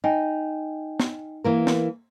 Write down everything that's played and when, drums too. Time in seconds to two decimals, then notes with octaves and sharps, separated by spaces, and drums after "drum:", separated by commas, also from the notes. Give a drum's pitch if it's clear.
0.04 D#4 D#5 G5 G#5
1.00 drum: snare
1.44 E3 A#3 A#4
1.67 drum: snare